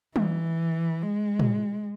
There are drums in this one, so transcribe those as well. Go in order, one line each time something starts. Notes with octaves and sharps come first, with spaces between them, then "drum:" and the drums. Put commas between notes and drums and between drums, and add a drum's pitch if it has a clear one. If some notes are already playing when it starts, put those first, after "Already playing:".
E3, drum: tom
G#3
drum: tom